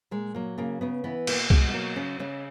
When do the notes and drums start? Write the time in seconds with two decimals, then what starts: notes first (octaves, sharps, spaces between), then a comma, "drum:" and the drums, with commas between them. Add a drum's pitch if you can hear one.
0.11 A#2 G#3
0.35 F#3 A#3
0.58 C#3 A#3
0.81 C#3 B3
1.04 E3 B3
1.27 B2 A#3, drum: cymbal
1.50 B2 G#3, drum: kick C2
1.69 G#3
1.73 F#3 A#3
1.96 C#3 C#4
2.20 C#3 C#4